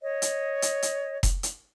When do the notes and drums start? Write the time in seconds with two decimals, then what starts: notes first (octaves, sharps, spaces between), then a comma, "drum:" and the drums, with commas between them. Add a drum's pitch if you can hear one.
0.02 C#5 D#5
0.22 drum: hi-hat
0.62 drum: hi-hat
0.82 drum: hi-hat
1.23 drum: kick F1, hi-hat
1.43 drum: hi-hat